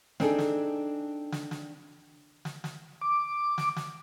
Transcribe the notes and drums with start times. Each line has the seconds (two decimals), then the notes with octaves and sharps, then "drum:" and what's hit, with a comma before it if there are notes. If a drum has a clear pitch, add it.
0.20 C4 D4 D#4 G#4 A4, drum: snare
0.39 drum: snare
1.32 drum: snare
1.51 drum: snare
2.45 drum: snare
2.64 drum: snare
3.01 D6
3.58 drum: snare
3.76 drum: snare